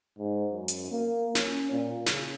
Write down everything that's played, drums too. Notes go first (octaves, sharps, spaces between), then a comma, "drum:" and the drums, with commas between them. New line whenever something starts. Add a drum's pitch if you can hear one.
G#2
F#2
drum: hi-hat
A#3
C#4, drum: snare
A#2
C#3, drum: snare